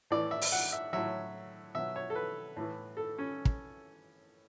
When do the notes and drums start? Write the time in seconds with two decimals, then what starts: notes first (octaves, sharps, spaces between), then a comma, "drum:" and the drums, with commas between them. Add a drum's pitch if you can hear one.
0.11 A2 E3 D5
0.31 E5
0.42 drum: open hi-hat
0.52 F#5
0.72 E5
0.93 A2 F#3 E5
1.75 B2 F#3 E5
1.96 C#5
2.10 A4
2.15 B4
2.57 A2 E3
2.97 A4
3.18 C#4
3.45 drum: kick